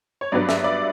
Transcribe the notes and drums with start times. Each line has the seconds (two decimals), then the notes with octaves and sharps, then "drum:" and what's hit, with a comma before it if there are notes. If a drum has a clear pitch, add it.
0.21 C#5
0.32 G2 F#3 B3 D4 D5
0.49 E5, drum: snare
0.64 D5